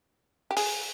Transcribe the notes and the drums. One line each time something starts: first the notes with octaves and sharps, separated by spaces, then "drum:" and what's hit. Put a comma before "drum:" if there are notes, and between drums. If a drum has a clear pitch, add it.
G4
G#4, drum: open hi-hat